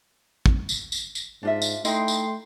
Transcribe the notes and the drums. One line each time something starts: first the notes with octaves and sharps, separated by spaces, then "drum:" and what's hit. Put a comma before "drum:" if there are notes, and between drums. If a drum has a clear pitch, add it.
drum: kick
drum: tambourine
drum: tambourine
drum: tambourine
G#2 D4 F4 E5
drum: tambourine
A3 D#4 E4 D#5 G5 C6, drum: tambourine
drum: tambourine